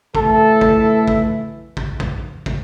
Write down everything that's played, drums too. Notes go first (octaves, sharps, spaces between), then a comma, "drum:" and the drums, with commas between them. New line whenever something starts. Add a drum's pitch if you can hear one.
E3 A3 E4 A4, drum: kick
drum: kick
drum: kick
drum: kick
drum: kick
drum: kick